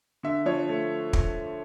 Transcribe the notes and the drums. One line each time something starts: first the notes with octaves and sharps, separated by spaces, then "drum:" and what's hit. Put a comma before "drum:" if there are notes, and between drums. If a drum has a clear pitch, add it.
D3 E5
F3 C#5
A3
drum: kick